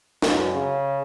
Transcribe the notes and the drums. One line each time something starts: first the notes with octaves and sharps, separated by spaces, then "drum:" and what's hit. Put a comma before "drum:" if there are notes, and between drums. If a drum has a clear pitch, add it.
F#2, drum: snare
C#3